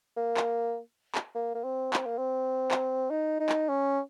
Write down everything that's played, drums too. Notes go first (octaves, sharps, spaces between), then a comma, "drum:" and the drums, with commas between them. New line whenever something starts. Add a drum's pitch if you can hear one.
A#3
drum: clap
drum: clap
A#3
A#3
C4
C4, drum: clap
A#3
C4
drum: clap
D#4
D#4
drum: clap
C#4